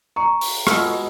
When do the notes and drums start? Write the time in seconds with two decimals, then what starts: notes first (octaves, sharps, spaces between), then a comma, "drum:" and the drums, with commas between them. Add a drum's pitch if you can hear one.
0.16 A#5 C#6
0.41 drum: open hi-hat
0.67 B2 G#3 E6 F6, drum: rim click